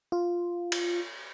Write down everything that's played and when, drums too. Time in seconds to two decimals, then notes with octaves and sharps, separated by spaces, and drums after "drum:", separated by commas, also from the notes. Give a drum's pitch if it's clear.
0.12 F4
0.72 drum: cymbal